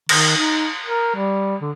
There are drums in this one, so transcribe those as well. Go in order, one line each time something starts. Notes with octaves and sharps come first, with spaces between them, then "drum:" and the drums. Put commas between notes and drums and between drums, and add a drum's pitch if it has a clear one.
D#3, drum: cymbal
D#4
A#4
G3
D3